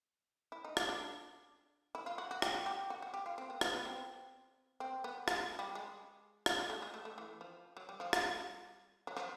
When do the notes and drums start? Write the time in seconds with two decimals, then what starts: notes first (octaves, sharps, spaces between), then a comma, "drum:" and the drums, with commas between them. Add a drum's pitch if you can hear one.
0.52 E4
0.65 D#4
0.77 D4, drum: rim click
0.89 D4
1.95 E4
2.06 F4
2.18 F#4
2.31 F#4
2.42 G4, drum: rim click
2.54 F#4
2.66 G4
2.90 F#4
3.02 F#4
3.14 G4
3.26 F4
3.38 C4
3.50 B3
3.61 B3, drum: rim click
3.73 B3
3.85 C4
4.80 C4
5.04 B3
5.28 G#3, drum: rim click
5.59 G3
5.75 G#3
6.46 drum: rim click
6.60 G#3
6.70 A3
6.82 G#3
6.94 A3
7.05 A3
7.18 E3
7.41 F3
7.77 F#3
7.89 G3
8.00 F3
8.13 G3, drum: rim click
9.07 F#3
9.17 F3